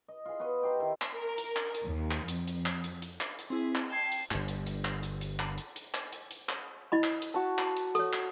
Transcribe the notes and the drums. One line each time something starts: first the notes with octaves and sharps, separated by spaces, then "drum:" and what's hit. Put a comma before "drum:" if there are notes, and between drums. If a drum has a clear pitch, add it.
D#5
F4 G#4
B3 B4 C#5 D#5
D#4 G4 C5 A#5
D#3 E4
drum: clap
A#4
drum: hi-hat
drum: clap
drum: hi-hat
D#2
drum: clap
F2, drum: hi-hat
drum: hi-hat
drum: clap
drum: hi-hat
drum: hi-hat
drum: clap
drum: hi-hat
C4 E4 G#4 B6
drum: clap
G5 A5 G#6 C7
drum: hi-hat
G1 G2, drum: clap
drum: hi-hat
drum: hi-hat
drum: clap
drum: hi-hat
drum: hi-hat
drum: clap
drum: hi-hat
drum: hi-hat
drum: clap
drum: hi-hat
drum: hi-hat
drum: clap
E4 D#5 B5
drum: clap
drum: hi-hat
F#4 A5
drum: clap
drum: hi-hat
A4 C#5, drum: hi-hat
drum: clap